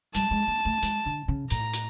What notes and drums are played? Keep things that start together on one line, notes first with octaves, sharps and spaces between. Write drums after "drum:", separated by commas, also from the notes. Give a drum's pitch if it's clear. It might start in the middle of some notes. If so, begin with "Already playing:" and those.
G3 A5, drum: hi-hat
G#3
A#3
A3
G#3, drum: hi-hat
D3
C#3
A2 A#5, drum: hi-hat
drum: hi-hat